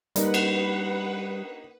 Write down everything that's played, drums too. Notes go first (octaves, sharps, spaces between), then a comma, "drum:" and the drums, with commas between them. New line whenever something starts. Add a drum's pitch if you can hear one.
G3 A#3 D#4 B4 F#5, drum: hi-hat
drum: cymbal